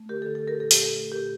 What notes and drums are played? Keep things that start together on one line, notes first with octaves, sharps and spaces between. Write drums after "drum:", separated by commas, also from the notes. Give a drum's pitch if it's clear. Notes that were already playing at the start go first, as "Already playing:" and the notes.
Already playing: A3
D3 G4 A#4
A4
D3
A4
C4 G4 A#4
A#2 A4
G4, drum: open hi-hat
C4 A4
A3
A#2 G4 A#4